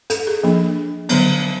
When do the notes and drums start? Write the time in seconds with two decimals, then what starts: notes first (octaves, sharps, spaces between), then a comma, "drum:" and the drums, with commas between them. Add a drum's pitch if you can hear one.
0.10 A4, drum: hi-hat
0.27 G#4
0.43 F3 A#3 D4
1.09 D3 F#3 B3, drum: cymbal